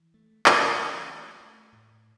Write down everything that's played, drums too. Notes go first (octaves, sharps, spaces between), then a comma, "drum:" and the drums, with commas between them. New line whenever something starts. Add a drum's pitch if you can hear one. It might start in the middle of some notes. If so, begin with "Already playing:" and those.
Already playing: E3
A3
F#3, drum: clap
E3
A3
A3
A2